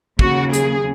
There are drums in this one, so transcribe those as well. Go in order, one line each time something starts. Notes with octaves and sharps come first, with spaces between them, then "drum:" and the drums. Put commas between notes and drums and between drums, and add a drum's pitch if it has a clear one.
D#2 C#3 F#3 F#4, drum: kick
G#4, drum: hi-hat